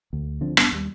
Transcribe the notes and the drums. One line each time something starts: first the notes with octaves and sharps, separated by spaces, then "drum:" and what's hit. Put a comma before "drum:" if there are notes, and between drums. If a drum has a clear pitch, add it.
D2
D3 F3 C4 D4
F1 G2 B3 D4, drum: rim click
D#2 G3